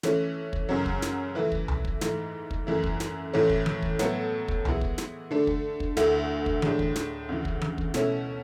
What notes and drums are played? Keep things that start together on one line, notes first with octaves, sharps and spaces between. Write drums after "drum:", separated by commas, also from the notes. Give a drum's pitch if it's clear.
E3 A3 C#4, drum: snare
drum: kick
F#2 C#3 F#3
drum: kick
drum: snare
E3 A3 E4 B4
drum: kick
drum: tom B1
drum: kick
G#2 E3 A3, drum: snare
drum: kick
F#2 E3 A3 E4
drum: kick
drum: snare
A2 E3 A3 C#4
drum: kick
drum: tom E3
drum: kick
A2 F#3 B3 E4 A4, drum: snare
drum: kick
E3 G#3 B3 E4 G#4, drum: tom B1
drum: kick
drum: snare
D3 A3 D4
drum: kick
drum: kick
D2 D3 A3 E4, drum: snare
drum: kick
A2 G#3 D4, drum: tom E3
drum: kick
drum: snare
D2 C#3 E3
drum: kick
drum: tom E3
drum: kick
B2 A3 C#4 E4, drum: snare